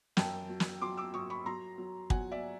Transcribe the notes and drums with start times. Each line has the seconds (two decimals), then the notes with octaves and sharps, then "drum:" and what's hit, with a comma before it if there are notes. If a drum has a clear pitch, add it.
0.17 F#2 G5 A5, drum: snare
0.49 F#3
0.60 drum: snare
0.82 F#3 C6 D6
0.97 D6 E6
1.14 F#3 C#6 D#6
1.30 B5 C#6
1.46 F#3 A#5 C6
1.78 F#3
2.10 F#3 F#5 G#5, drum: kick
2.32 D5 E5